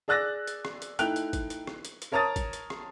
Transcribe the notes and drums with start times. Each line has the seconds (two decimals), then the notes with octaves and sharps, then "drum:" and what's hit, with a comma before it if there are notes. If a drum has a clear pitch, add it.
0.08 G#4 D5 E6 F#6 A6 A#6
0.47 drum: hi-hat
0.65 drum: rim click
0.82 drum: hi-hat
0.99 A3 D#4 E4 G5 F#6 F7, drum: hi-hat
1.16 drum: hi-hat
1.33 drum: kick G#1, hi-hat
1.50 drum: hi-hat
1.67 drum: rim click
1.85 drum: hi-hat
2.02 drum: hi-hat
2.12 A#4 C#5 A5 A#5 D#6 A6
2.36 drum: kick G#1, hi-hat
2.53 drum: hi-hat
2.70 drum: rim click